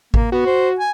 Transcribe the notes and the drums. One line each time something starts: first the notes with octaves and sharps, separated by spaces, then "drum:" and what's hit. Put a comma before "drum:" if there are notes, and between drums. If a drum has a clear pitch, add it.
A#3, drum: kick G#1
B3 F#4
C5
G#5